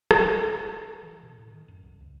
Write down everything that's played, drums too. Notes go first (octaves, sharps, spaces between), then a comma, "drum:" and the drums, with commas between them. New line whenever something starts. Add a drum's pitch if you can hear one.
drum: rim click
E3
B2
A2
D#3
F#2
C2
C#2